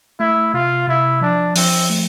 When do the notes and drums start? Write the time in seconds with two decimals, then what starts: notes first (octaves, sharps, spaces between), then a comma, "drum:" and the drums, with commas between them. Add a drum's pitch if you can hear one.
0.20 A3 E4
0.54 C3 F4
0.88 C3 E4
1.21 F3 D4
1.56 F3 C4, drum: open hi-hat
1.90 A3